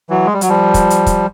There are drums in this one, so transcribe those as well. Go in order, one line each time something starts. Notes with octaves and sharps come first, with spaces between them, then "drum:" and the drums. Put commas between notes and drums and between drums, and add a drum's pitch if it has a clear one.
E3 F#3
G#3
G3
F#3, drum: hi-hat
F3 G3
drum: kick, hi-hat
drum: hi-hat
drum: kick, hi-hat